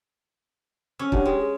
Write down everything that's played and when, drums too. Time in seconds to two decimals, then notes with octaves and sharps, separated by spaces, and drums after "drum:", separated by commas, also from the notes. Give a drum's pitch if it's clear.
0.99 C#4 C#6 E6
1.12 D4 G4 F#5, drum: kick
1.25 G#3 G4
1.38 G#4